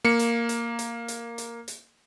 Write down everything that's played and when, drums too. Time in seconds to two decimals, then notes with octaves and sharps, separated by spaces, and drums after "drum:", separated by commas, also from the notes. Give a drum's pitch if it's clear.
0.05 A#3 C#7
0.19 drum: hi-hat
0.49 drum: hi-hat
0.79 drum: hi-hat
1.08 drum: hi-hat
1.38 drum: hi-hat
1.68 drum: hi-hat